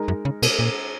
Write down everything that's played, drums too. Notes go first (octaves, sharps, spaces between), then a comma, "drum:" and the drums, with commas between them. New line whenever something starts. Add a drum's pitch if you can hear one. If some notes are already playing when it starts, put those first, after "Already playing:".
Already playing: G#3 D#4 A#4
F#2
C#3
B2, drum: cymbal
A#2